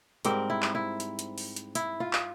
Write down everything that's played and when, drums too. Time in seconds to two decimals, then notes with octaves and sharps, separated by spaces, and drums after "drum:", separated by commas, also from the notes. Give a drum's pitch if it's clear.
0.25 G#2 G3 C4 A#4, drum: hi-hat
0.50 E4
0.62 drum: clap
0.75 E4
1.00 drum: hi-hat
1.19 drum: hi-hat
1.38 drum: open hi-hat
1.56 drum: hi-hat
1.75 E4, drum: hi-hat
2.00 F4
2.13 drum: clap